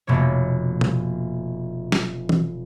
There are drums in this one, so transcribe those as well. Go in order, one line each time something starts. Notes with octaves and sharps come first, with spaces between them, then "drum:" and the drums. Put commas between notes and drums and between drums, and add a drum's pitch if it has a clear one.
F1 B2 A#3 C#5
drum: tom B2
drum: snare
drum: tom E3